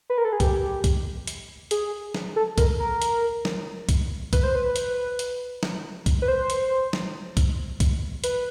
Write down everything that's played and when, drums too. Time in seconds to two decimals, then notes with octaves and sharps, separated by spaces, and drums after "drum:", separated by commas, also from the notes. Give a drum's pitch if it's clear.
0.10 B4
0.18 A#4
0.25 A4
0.33 G#4
0.40 G4, drum: kick B1, hi-hat
0.84 drum: kick B1, hi-hat
1.27 drum: hi-hat
1.71 G#4, drum: hi-hat
2.15 drum: snare
2.36 A4
2.58 A#4, drum: kick B1, hi-hat
2.80 A#4
3.02 drum: hi-hat
3.45 drum: snare
3.89 drum: kick B1, hi-hat
4.33 B4, drum: kick B1, hi-hat
4.44 C5
4.55 B4
4.76 drum: hi-hat
5.19 drum: hi-hat
5.63 drum: snare
6.06 drum: kick B1, hi-hat
6.22 B4
6.28 C5
6.50 drum: hi-hat
6.93 drum: snare
7.37 drum: kick B1, hi-hat
7.80 drum: kick B1, hi-hat
8.24 B4, drum: hi-hat